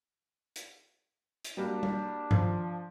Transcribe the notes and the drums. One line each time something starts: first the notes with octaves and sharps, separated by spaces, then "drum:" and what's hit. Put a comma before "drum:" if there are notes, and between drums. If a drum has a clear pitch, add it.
drum: hi-hat
drum: hi-hat
G3 A#3 D4 F#4
drum: tom G3
F3, drum: tom G2